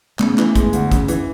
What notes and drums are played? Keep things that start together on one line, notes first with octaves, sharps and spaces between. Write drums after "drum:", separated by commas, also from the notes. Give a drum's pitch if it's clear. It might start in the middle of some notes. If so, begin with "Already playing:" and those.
C#3 A3 B3, drum: clap
E3, drum: clap
G#3, drum: kick, hi-hat
D2, drum: hi-hat
C#3, drum: kick, hi-hat
E3, drum: hi-hat